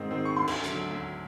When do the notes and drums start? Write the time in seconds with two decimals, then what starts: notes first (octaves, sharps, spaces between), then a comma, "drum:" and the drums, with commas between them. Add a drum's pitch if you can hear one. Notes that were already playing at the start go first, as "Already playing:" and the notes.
Already playing: G#2 D#3 G#3 C4
0.11 D#3 G#3 C4
0.25 C#6
0.37 D2 C6
0.48 drum: cymbal
0.64 D3 F#3, drum: hi-hat
0.90 D2